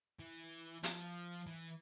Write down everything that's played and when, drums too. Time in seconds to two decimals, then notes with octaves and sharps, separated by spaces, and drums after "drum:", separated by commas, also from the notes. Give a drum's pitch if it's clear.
0.20 E3
0.84 F3, drum: hi-hat
1.47 E3